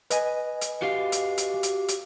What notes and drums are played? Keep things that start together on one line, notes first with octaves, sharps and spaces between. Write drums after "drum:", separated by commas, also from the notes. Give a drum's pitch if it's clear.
B4 D#5 G#5, drum: hi-hat
drum: hi-hat
F#4 G4 F5
drum: hi-hat
drum: hi-hat
drum: hi-hat
drum: hi-hat